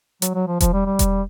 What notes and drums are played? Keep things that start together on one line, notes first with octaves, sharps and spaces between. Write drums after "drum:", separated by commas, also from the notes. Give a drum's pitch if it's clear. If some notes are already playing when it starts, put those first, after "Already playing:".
F#3, drum: hi-hat
F#3
F3
F3, drum: kick E1, hi-hat
G3
G3
drum: kick E1, hi-hat